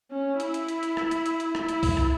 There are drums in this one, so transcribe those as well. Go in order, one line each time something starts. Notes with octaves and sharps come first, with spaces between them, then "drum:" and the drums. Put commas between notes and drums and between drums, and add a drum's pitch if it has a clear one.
C#4
E4, drum: hi-hat
drum: hi-hat
drum: hi-hat
drum: hi-hat
drum: rim click
drum: hi-hat
drum: hi-hat
drum: hi-hat
E4, drum: rim click
drum: hi-hat
drum: kick C2, open hi-hat
drum: rim click